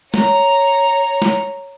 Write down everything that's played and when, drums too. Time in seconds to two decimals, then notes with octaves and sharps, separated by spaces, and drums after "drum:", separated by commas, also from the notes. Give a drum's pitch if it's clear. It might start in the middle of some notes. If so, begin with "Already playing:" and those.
0.14 C#5 A#5, drum: snare
1.22 drum: snare